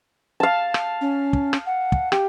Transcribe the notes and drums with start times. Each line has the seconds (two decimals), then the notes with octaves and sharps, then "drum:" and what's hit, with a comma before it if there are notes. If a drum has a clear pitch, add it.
0.40 F5 A5
0.74 drum: rim click
1.01 C#4
1.33 drum: kick
1.53 drum: rim click
1.66 F#5
1.92 drum: kick
2.12 G4, drum: rim click